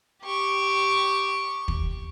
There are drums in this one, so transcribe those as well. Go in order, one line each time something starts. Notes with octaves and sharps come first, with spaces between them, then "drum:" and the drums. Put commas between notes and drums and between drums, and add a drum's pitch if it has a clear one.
G4 C#6
drum: kick